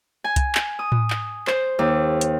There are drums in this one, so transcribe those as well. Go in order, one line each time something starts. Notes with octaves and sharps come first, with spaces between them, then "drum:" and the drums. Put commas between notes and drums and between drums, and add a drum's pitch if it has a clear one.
G#5
drum: kick, hi-hat
drum: clap
D#6
drum: tom A2
drum: clap
C5, drum: clap
D#2
drum: hi-hat